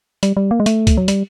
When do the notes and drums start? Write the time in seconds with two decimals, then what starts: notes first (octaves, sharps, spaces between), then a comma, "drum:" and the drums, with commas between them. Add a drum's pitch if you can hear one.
0.23 G3, drum: hi-hat
0.37 G3
0.51 A#3
0.60 G#3
0.66 A3, drum: hi-hat
0.87 drum: kick, hi-hat
0.97 F#3
1.08 G3, drum: hi-hat